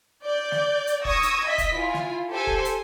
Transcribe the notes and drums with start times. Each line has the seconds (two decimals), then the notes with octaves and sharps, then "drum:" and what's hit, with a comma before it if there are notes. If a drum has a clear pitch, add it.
0.25 D5 G6
0.52 drum: snare
0.87 drum: hi-hat
1.05 C#6 D#6 E6 G#6 A#6, drum: kick E1
1.23 drum: hi-hat
1.46 D#5 E5 B6
1.58 drum: kick E1, hi-hat
1.76 E4 F4 G#5
1.94 drum: snare
2.31 G4 A4 C5 G#5
2.47 drum: kick E1
2.65 drum: hi-hat